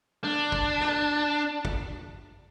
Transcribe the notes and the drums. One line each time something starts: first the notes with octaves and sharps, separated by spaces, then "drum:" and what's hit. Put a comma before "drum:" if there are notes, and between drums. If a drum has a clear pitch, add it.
D4
drum: kick
drum: snare
drum: kick